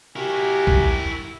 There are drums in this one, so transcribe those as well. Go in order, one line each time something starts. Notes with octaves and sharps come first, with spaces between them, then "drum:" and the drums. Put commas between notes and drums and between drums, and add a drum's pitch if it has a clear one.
E4 F#4 G4 A#4 G#5
drum: kick